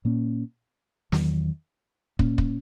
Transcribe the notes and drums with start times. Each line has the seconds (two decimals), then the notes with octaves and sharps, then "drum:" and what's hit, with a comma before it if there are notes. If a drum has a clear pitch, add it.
0.05 A#2 A#3 C#4
1.12 E2 D#3 F#3, drum: snare
2.19 A#2 A#3 C#4, drum: kick
2.38 drum: kick